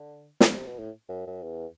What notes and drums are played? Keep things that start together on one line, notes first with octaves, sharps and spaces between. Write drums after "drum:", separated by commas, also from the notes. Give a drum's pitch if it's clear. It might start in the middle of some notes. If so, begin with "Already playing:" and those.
Already playing: D3
drum: snare
C3
B2
A2
F#2
F#2
E2